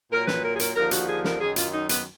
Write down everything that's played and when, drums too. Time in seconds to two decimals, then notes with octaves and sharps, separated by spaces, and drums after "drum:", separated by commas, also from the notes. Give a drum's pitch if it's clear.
0.11 A#2 F#3 A#4
0.27 B4, drum: snare
0.43 A#4
0.55 G#4
0.59 A#4, drum: hi-hat
0.75 D#2 D3 F3 A#4
0.91 F#4, drum: hi-hat
1.08 G#4
1.24 A#4, drum: snare
1.40 F#2 D#3 F#3 G#4
1.56 F4, drum: hi-hat
1.73 D#4
1.89 B3, drum: hi-hat